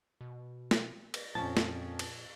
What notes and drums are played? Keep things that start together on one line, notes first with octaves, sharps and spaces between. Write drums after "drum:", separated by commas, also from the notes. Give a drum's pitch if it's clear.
B2
drum: snare
drum: cymbal
F2 A#2 F3 C#4 A5
drum: snare
drum: cymbal